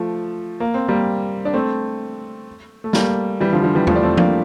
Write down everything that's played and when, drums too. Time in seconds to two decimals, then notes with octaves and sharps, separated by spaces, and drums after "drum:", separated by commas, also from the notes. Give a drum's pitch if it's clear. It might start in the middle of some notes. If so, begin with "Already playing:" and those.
Already playing: F3 A3
0.60 A#3
0.74 C4
0.88 G3 A#3
1.45 D4
1.53 A3 C4
2.84 A3
2.93 G3 A#3, drum: snare
3.40 E3 G3
3.53 D3 F3
3.63 D3 F3
3.75 E3 G3
3.87 F3 A3, drum: tom E2
3.96 D4
4.02 A3 C4
4.17 A#3 D4, drum: tom